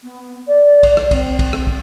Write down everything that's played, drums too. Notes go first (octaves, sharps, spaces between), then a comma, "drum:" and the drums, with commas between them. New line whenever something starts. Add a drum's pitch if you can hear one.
B3
D5
drum: kick, cymbal
drum: rim click
C4, drum: kick, cymbal
drum: kick, cymbal
drum: rim click
drum: kick